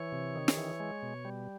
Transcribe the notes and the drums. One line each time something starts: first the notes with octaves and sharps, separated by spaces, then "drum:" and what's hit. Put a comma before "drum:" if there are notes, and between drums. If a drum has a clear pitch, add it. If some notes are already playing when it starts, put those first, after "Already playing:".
Already playing: E3 C#5
C3
D#3
drum: snare
E3
G#3
B2
G3